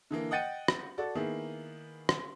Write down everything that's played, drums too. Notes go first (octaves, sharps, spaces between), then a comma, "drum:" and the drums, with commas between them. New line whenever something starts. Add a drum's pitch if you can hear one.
D3 E3 A#3
D#5 F#5 G5 A6 C#7 D#7
drum: rim click
F#4 A4 D5
D#3 A#3 B3 E4 G#4
drum: rim click